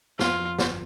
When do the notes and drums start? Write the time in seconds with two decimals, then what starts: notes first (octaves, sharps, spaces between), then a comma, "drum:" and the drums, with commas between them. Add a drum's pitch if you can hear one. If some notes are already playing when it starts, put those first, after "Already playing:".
0.19 F2 F4, drum: snare
0.40 F3
0.59 G1, drum: snare